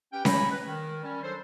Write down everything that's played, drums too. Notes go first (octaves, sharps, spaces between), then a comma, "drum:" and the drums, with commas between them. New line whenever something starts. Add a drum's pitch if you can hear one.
C#4 G4 B4 G5
C#5 D#5 G#5 A#5 B5, drum: snare C#4
B4
D#3
G3 C#4
F#3 D4 A4 C5